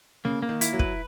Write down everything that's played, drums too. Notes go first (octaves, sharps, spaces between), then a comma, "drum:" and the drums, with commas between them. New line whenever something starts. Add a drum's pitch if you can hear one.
C#3 A#3
A#3
D#3
E4, drum: hi-hat
F#3
B4, drum: kick